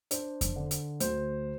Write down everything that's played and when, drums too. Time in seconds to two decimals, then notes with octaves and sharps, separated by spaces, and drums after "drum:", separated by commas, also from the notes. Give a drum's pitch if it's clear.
0.11 D4 C5, drum: hi-hat
0.41 drum: kick F2, hi-hat
0.56 D3
0.71 drum: hi-hat
1.00 D2 C5, drum: hi-hat